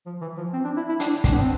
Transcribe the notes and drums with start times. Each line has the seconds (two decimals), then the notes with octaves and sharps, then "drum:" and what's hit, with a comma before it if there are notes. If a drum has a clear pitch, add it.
0.06 F3
0.21 E3
0.38 F3
0.53 C4
0.64 D4
0.76 E4
0.89 E4
1.00 D4, drum: hi-hat
1.24 D4, drum: kick, hi-hat
1.33 B3
1.40 C4